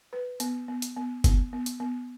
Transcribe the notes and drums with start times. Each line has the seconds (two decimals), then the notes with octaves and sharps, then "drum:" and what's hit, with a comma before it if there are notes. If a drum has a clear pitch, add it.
0.13 B4
0.40 B3, drum: hi-hat
0.68 B3
0.82 drum: hi-hat
0.96 B3
1.24 B3, drum: kick F#1, hi-hat
1.53 B3
1.66 drum: hi-hat
1.80 B3